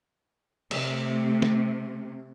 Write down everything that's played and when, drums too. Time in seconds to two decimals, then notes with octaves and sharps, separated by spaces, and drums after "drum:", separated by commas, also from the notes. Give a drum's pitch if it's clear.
0.71 C3 A3, drum: cymbal
1.42 drum: snare